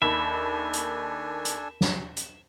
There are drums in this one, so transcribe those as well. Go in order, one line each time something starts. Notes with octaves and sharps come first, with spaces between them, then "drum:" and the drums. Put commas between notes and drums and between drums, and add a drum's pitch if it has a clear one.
D#2 D4 A4 E5 G#5 B5
drum: hi-hat
drum: hi-hat
drum: snare
drum: hi-hat